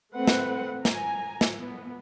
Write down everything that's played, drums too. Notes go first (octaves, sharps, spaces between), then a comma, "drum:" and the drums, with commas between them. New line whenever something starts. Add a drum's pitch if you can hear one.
A3 C4 B4 F#5
drum: snare
G#5 A#5, drum: snare
drum: snare
B3